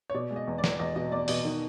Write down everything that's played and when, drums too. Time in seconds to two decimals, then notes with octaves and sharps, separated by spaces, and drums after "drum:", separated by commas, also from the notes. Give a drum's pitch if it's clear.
0.10 C#5
0.14 B2 D5
0.30 G#3
0.36 D#5
0.48 E2
0.58 D5
0.64 E2, drum: snare
0.80 E2 D#5
0.96 B2 D#5
1.12 E2 D5
1.28 B2 D#5, drum: open hi-hat
1.45 D#3